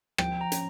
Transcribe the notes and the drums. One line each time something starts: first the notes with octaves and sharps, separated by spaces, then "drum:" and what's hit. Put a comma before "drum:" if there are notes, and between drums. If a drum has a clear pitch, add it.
F3 G5, drum: rim click
A#5
C#4, drum: hi-hat